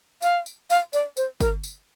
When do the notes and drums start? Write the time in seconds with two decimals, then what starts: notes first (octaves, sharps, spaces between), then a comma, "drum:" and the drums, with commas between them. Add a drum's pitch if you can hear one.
0.22 F5, drum: tambourine
0.46 drum: tambourine
0.70 F5, drum: tambourine
0.93 D5, drum: tambourine
1.17 C5, drum: tambourine
1.40 A#4, drum: kick G1, tambourine
1.63 drum: tambourine